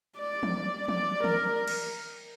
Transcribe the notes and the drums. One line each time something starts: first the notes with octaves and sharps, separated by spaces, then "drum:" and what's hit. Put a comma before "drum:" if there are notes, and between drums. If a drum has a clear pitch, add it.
D5
drum: tom E3
D5, drum: tom E3
A#4, drum: tom D#3
drum: cymbal